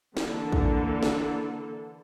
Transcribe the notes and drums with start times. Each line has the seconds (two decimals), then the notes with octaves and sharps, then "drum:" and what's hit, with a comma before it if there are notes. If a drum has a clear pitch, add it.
0.17 D3 E3 A#3 A4, drum: snare
0.52 drum: kick
1.03 drum: snare